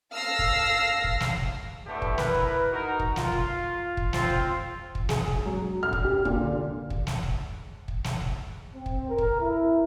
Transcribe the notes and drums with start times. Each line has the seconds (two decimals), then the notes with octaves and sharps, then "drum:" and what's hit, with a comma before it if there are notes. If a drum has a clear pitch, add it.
0.11 F5 A5 E6 F6 A#6 C7
0.39 drum: kick
1.04 drum: kick
1.20 drum: snare
1.37 drum: kick
1.87 B2 D3 E3 A3 G4
2.02 drum: kick
2.18 E4 A#4 B4, drum: snare
2.34 drum: kick
2.71 D#4 F#4 A#4
3.00 drum: kick
3.16 F4, drum: snare
3.32 drum: kick
3.97 drum: kick
4.13 C4 F4, drum: snare
4.30 drum: kick
4.95 drum: kick
5.09 G#4, drum: snare
5.28 drum: kick
5.46 F#3
5.83 F6
5.93 drum: kick
6.05 G4
6.25 A#2, drum: kick
6.40 D3
6.90 drum: kick
7.07 drum: snare
7.23 drum: kick
7.88 drum: kick
8.04 drum: snare
8.21 drum: kick
8.74 C4
8.86 drum: kick
9.09 A#4
9.18 drum: kick
9.41 E4